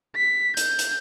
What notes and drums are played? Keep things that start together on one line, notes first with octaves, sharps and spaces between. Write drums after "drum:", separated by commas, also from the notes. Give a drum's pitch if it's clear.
B6
G6, drum: hi-hat
drum: hi-hat